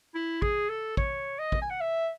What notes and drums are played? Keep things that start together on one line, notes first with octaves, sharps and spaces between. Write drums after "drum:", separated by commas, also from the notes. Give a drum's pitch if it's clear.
E4
G#4, drum: kick
A4
C#5, drum: kick
D#5
drum: kick
G#5
F#5
E5